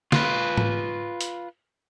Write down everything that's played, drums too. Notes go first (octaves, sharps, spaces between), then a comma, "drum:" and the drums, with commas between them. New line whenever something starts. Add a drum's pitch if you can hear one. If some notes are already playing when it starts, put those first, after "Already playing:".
F4 B4, drum: snare
drum: tom G#2
drum: hi-hat